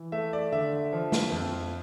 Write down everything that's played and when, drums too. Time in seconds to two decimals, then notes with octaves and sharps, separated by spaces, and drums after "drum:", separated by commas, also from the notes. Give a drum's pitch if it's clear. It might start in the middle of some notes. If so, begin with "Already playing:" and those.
Already playing: E3
0.12 A3 E5
0.33 D5
0.52 D3 E5
0.93 F3
1.12 drum: snare
1.32 F2